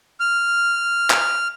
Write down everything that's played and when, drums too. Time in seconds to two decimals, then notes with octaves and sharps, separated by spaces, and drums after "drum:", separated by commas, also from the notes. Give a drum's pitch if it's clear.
0.20 F6
1.10 drum: clap